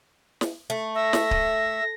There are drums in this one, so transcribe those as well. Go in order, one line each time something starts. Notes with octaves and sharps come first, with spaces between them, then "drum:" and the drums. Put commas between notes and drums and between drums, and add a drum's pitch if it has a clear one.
drum: snare
A3
E5 A#6
drum: snare
drum: kick C#1